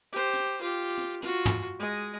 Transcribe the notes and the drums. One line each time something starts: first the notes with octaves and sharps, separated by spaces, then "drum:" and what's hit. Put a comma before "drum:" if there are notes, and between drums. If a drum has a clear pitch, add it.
G4 C5
drum: hi-hat
F4 G4
drum: hi-hat
F4 F#4, drum: hi-hat
drum: tom
G#3 D#5